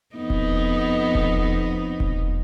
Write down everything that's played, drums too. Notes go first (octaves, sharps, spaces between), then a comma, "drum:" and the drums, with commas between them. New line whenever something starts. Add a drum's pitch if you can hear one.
F2 B3 D#4
drum: kick E1
drum: kick E1
drum: kick E1